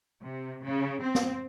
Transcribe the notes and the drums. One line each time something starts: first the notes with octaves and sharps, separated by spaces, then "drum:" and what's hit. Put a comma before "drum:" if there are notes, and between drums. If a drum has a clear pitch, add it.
C3
C#3
C4
drum: snare